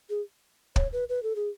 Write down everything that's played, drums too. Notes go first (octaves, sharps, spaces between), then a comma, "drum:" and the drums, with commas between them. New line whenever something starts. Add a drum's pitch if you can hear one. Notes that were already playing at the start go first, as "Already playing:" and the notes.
G#4
C#5, drum: kick
B4
B4
A4
G#4